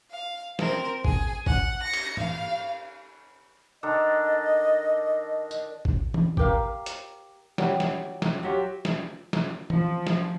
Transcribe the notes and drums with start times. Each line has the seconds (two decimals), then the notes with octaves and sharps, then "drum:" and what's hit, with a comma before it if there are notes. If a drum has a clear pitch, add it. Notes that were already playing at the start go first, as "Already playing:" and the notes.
0.11 F5
0.59 C4 A#4, drum: snare
1.05 G#4 G#5, drum: kick G#1
1.46 F#5, drum: kick G#1
1.83 A#6 C#7
1.93 drum: cymbal
2.17 F5, drum: tom
3.83 D#3 D4 A4 D#5
5.51 drum: tambourine
5.85 drum: kick G#1
6.14 drum: tom E3
6.37 G4 A#4 F5, drum: kick G#1
6.86 drum: hi-hat
7.58 E3 F#3 G3 G5, drum: snare
7.80 drum: snare
8.22 drum: snare
8.43 F#3 F4 G4 E5 F#5
8.85 drum: snare
9.33 drum: snare
9.70 F3, drum: tom E3
10.07 drum: snare